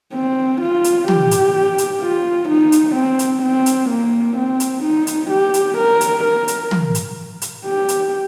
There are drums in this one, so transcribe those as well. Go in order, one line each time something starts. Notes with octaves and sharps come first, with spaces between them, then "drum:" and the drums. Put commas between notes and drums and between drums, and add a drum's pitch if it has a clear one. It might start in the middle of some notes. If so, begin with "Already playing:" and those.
C4
F4
drum: hi-hat
G4, drum: tom
drum: hi-hat
drum: hi-hat
F4
D#4
drum: hi-hat
C4
drum: hi-hat
C4
drum: hi-hat
A#3
C4
drum: hi-hat
D#4
drum: hi-hat
G4
drum: hi-hat
A#4
drum: hi-hat
A#4
drum: hi-hat
drum: tom
drum: hi-hat
drum: hi-hat
G4
drum: hi-hat